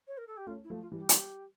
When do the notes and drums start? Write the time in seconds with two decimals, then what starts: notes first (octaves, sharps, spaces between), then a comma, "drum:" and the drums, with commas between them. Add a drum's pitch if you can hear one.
0.08 C#5
0.18 A#4
0.27 A4
0.37 G4
0.47 A3 C#4 F4
0.64 E4
0.70 F3 A3
0.81 F4
0.92 E3 G3
0.98 G4
1.09 drum: hi-hat